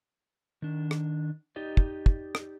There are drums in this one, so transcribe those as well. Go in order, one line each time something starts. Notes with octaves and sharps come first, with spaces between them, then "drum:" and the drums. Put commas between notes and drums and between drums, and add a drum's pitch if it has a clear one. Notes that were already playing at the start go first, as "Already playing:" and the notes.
D#3 D4
drum: rim click
D#4 G4 D5 D#5
drum: kick
drum: kick
drum: rim click